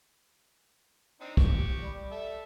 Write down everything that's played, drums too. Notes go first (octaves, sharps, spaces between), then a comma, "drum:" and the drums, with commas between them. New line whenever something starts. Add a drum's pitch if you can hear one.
C4 D4 D#4
G4 C#6, drum: kick
G3
A4 E5